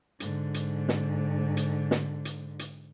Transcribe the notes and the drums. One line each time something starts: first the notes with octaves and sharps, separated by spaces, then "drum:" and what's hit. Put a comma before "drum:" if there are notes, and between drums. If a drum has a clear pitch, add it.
G#2 D3, drum: hi-hat
drum: hi-hat
drum: snare
drum: hi-hat
drum: snare
drum: hi-hat
drum: hi-hat